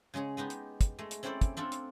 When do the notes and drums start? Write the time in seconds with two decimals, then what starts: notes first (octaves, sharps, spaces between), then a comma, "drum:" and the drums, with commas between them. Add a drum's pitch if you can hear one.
0.14 C#3 G#3 C#4 G#4
0.37 G#3 B3 D#4 G4
0.50 drum: hi-hat
0.81 drum: kick, hi-hat
0.99 G#3 A3
1.11 drum: hi-hat
1.23 C4 C#4 E4 A4 C5 D5
1.41 drum: kick, hi-hat
1.57 C4 D4 F4 A4
1.72 drum: hi-hat